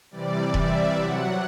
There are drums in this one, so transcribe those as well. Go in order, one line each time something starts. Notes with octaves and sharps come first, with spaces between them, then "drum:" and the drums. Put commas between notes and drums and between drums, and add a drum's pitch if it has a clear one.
C3 E3 G3 D5
E5, drum: kick E1
C3 F#3 F#5